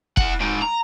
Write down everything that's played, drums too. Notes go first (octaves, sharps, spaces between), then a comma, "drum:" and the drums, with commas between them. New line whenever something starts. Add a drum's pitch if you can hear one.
E4 F#5, drum: kick F1
G#2 D#3
A#5